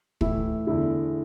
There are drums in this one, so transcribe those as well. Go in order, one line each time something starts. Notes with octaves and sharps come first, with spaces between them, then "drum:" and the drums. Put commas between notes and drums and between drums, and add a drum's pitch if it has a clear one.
A2 E3 E4, drum: kick
E2 D3 E4